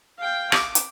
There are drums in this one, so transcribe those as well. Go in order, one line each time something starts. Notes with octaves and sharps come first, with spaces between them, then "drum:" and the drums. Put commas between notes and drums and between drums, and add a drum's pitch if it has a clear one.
F5 G5
D6, drum: rim click
drum: hi-hat